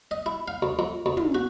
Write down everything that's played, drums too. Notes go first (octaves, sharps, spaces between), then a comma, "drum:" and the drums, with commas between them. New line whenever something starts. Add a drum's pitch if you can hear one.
D#5
E4
F5
D2
F2
D2
drum: tom
F#4